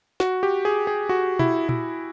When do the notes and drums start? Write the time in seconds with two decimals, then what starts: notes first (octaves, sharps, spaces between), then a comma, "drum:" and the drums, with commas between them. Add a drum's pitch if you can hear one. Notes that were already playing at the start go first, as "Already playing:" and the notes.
0.20 F#4, drum: snare
0.43 G4
0.65 G#4
0.87 G#4
1.09 F#4
1.39 E4, drum: tom B2
1.69 E4, drum: tom A#2